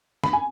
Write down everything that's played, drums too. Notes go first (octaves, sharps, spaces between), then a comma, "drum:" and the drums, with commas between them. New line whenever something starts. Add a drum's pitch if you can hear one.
B5, drum: snare
G#5